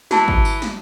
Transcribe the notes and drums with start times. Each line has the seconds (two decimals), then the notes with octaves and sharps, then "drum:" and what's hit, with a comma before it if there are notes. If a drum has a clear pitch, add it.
0.11 E3 F#4 A5, drum: snare
0.28 drum: kick
0.45 drum: tambourine
0.62 drum: snare